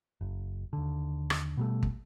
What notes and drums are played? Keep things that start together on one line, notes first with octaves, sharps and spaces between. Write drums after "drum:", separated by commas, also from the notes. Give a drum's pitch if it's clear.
F#1
D#2 D3
drum: rim click
B2 G3 A3
drum: kick